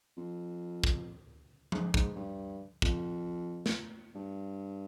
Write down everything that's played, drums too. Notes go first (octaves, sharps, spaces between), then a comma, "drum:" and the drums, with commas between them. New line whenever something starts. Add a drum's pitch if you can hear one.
F2
drum: kick
G#2, drum: tom F3
G#2, drum: kick
G2
F2, drum: kick
drum: snare
G2